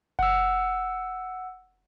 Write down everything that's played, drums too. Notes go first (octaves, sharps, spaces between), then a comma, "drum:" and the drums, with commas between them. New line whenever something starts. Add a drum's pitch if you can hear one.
F#5 E6, drum: kick F#1